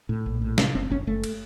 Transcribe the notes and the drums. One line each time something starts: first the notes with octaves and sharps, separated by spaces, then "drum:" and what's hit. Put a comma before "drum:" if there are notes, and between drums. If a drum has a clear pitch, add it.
A2
A#1
A2
C3 C#4, drum: snare
F#1 C4
F#1 C#4
F#1 A3
drum: cymbal